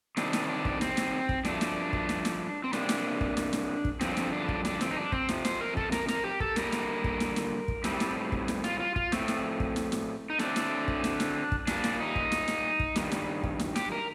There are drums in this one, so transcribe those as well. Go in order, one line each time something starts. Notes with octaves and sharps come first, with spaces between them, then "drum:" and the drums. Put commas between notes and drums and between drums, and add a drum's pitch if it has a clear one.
C3 D#3 G3 C4 D4, drum: snare
drum: snare
D4
drum: kick
C4, drum: snare
drum: snare
drum: kick
G2 F3 A3 D4, drum: snare
drum: snare
drum: kick
drum: snare
drum: snare
C4
C3 G3 A#3 D4, drum: snare
drum: snare
drum: kick
drum: snare
drum: snare
drum: kick
G2 D3 F3 C4, drum: snare
drum: snare
D4
drum: kick
D4, drum: snare
C4, drum: snare
D#4
D4
C4, drum: kick
F2 C3 F3, drum: snare
C5, drum: snare
A#4
A4, drum: kick
A#4, drum: snare
A#4, drum: snare
G4
A4, drum: kick
D3 G3 A#3 A#4, drum: snare
drum: snare
drum: kick
drum: snare
drum: snare
drum: kick
A2 G3 C4, drum: snare
drum: snare
drum: kick
drum: snare
F4, drum: snare
F4
F4, drum: kick
A2 A3 C4, drum: snare
drum: snare
drum: kick
drum: snare
drum: snare
D#4
D3 A3 C4 D4, drum: snare
drum: snare
drum: kick
drum: snare
drum: snare
drum: kick
A#2 G3 A#3 D4, drum: snare
drum: snare
D#4
drum: kick
drum: snare
drum: snare
drum: kick
G2 D#3 G3, drum: snare
drum: snare
drum: kick
drum: snare
G4, drum: snare
A#4